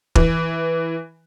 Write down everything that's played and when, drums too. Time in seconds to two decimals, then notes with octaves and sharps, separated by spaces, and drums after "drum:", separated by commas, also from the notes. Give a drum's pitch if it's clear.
0.15 E3, drum: kick